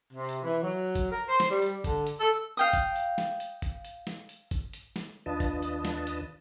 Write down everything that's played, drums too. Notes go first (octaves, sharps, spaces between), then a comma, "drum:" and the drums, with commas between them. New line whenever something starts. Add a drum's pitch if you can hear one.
C3
drum: hi-hat
E3
F#3
drum: kick G#1, hi-hat
A#4
C5
drum: snare
G3
drum: hi-hat
D3, drum: kick G#1, hi-hat
drum: hi-hat
A4
F5 G5 D#6
drum: kick G#1, hi-hat
drum: hi-hat
drum: snare
drum: hi-hat
drum: kick G#1, hi-hat
drum: hi-hat
drum: snare
drum: hi-hat
drum: kick G#1, hi-hat
drum: hi-hat
drum: snare
D#2 D4 F4 B4 D#5 A5
drum: kick G#1, hi-hat
drum: hi-hat
drum: snare
drum: hi-hat